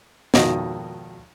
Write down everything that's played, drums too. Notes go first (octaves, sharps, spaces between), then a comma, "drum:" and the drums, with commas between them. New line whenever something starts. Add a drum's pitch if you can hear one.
G#1 F2 B2 D#3 F#4 D#5, drum: snare